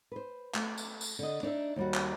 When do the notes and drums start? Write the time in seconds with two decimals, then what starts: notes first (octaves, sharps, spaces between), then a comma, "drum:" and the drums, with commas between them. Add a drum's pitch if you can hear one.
0.12 B4 C5
0.54 A3, drum: clap
0.78 drum: tambourine
1.01 drum: tambourine
1.19 D3 D#5
1.43 D4 D#4 C#5 E5
1.76 D#2 G3 F#4
1.94 drum: clap